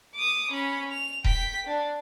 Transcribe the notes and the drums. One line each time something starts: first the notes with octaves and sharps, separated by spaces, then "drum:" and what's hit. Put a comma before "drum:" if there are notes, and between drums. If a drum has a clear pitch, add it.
D6 D#6
C#4 B5
F7
G5 B6, drum: kick D#1
D4